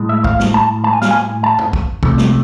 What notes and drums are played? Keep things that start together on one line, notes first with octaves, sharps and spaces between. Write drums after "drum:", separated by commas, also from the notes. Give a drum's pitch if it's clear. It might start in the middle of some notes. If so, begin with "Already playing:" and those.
Already playing: A2 G#3
E5
F5, drum: kick
drum: snare
A5
A5
G#5
F5, drum: snare
G#5
A5
drum: tom G#2
drum: kick
C3 F3 A3, drum: kick
drum: snare